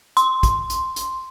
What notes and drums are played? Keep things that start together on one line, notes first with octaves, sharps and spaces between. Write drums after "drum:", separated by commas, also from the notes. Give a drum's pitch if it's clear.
C6, drum: hi-hat
drum: kick, hi-hat
drum: hi-hat
drum: hi-hat